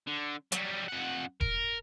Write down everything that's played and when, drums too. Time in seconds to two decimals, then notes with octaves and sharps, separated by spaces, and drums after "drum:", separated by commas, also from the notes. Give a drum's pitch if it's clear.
0.07 D3
0.52 F#3 G3, drum: hi-hat
0.88 F2 F#5
1.41 A#4, drum: kick E1